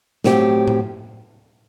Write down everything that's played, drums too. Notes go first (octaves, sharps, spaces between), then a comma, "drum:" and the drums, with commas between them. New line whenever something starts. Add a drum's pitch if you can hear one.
A2 F#3 C4 G4, drum: snare
drum: tom A2